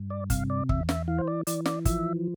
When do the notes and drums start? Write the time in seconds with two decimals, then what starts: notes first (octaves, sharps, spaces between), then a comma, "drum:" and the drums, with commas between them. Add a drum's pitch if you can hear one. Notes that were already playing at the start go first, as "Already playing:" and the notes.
Already playing: G2
0.10 D5
0.30 C3 F5, drum: kick, hi-hat
0.50 D5
0.69 E2 E5, drum: kick
0.89 E5, drum: snare
1.08 E3 F5
1.18 C5
1.28 D5
1.47 E3 D5, drum: hi-hat
1.66 D5, drum: snare
1.85 F3 E5, drum: kick, hi-hat